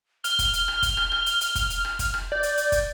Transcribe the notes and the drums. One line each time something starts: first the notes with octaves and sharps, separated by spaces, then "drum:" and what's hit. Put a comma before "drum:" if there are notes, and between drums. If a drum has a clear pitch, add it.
F6 G7, drum: hi-hat
drum: kick, hi-hat
drum: hi-hat
drum: rim click
drum: kick, hi-hat
drum: rim click
drum: rim click
drum: hi-hat
drum: hi-hat
drum: kick, hi-hat
drum: hi-hat
drum: rim click
drum: kick, hi-hat
drum: rim click
D5 G6
drum: hi-hat
drum: hi-hat
drum: kick, hi-hat